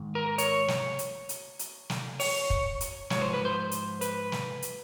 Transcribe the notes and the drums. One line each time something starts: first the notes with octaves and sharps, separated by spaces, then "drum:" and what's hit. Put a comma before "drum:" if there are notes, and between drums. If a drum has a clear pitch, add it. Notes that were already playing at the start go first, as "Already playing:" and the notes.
Already playing: G#2 D#3
A#4
C#5, drum: hi-hat
drum: snare
drum: hi-hat
drum: hi-hat
drum: hi-hat
drum: snare
C#5, drum: open hi-hat
drum: kick
drum: hi-hat
G#2 F3 C#5, drum: snare
C5
B4
C5
drum: hi-hat
B4, drum: hi-hat
drum: snare
drum: hi-hat